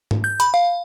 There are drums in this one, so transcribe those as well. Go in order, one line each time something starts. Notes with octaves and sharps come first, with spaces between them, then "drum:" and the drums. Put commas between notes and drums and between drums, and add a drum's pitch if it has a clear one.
drum: tom G#2
G6
B5, drum: hi-hat
F5